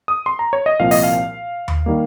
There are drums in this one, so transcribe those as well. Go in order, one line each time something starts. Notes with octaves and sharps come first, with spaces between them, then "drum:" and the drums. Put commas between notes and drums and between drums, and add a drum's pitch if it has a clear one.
D#6
C6
A#5
C#5
D#5
C2 A#2 F3 F5
D#5, drum: open hi-hat
F5
drum: tom D#2
D#3 G3 A#3